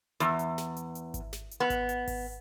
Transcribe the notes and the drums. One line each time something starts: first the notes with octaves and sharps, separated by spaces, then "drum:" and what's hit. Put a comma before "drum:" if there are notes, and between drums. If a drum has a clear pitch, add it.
E2, drum: hi-hat
drum: hi-hat
drum: snare
drum: hi-hat
drum: hi-hat
drum: kick G#1, hi-hat
drum: snare
drum: hi-hat
B3
drum: kick G#1, hi-hat
drum: hi-hat
drum: kick G#1, open hi-hat